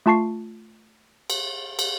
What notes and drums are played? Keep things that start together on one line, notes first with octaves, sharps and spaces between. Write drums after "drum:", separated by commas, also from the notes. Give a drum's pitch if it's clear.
A3 F4 A5 C#6 C7
drum: cymbal
drum: cymbal